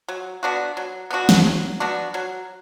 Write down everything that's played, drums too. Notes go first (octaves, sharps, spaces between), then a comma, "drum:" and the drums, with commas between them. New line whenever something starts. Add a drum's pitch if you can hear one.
F#3
B3 D4 F#4
F#3
B3 D4 F#4
drum: snare
F#3
B3 D4 F#4
F#3